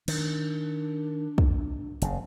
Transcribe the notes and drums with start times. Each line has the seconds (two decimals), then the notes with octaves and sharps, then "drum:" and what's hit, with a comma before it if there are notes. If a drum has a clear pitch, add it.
0.08 D#3 D4, drum: cymbal
1.38 drum: kick
2.02 F#1 C#3, drum: hi-hat